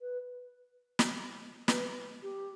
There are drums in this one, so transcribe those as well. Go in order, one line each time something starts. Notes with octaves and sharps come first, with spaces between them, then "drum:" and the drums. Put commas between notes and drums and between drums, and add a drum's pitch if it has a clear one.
B4
drum: snare
B4, drum: snare
G4